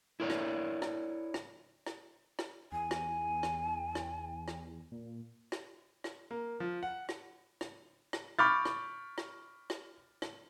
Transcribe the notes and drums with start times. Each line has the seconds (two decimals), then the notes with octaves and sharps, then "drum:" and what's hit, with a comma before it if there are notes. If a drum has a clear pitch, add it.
0.20 E4 A#4 C#5 D5
0.30 drum: rim click
0.82 drum: rim click
1.34 drum: rim click
1.86 drum: rim click
2.39 drum: rim click
2.72 E2 G#5
2.91 drum: rim click
3.43 drum: rim click
3.95 drum: rim click
4.48 drum: rim click
4.92 A#2
5.52 drum: rim click
6.04 drum: rim click
6.31 A#3
6.60 F3
6.83 F#5
7.09 drum: rim click
7.61 drum: rim click
8.13 drum: rim click
8.39 B5 C#6 D6 F6 G6 A6
8.65 drum: rim click
9.18 drum: rim click
9.70 drum: rim click
10.22 drum: rim click